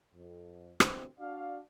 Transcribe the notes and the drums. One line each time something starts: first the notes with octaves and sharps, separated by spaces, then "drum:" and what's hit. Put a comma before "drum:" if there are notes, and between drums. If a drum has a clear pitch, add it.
F2
D2 G2 B2 E3 C4, drum: rim click
D4 F#4 D5 F5